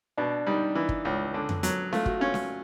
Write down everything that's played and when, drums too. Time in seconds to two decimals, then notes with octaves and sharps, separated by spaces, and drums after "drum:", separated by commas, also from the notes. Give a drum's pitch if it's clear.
0.18 B2 D4
0.46 G3 D#4
0.75 E3
0.89 drum: kick
1.05 C#2
1.34 D3
1.49 drum: tom F2
1.63 F#3, drum: hi-hat
1.93 A3 F4, drum: snare C#4
2.06 F#4, drum: kick
2.19 C#4 F4
2.34 drum: snare C#4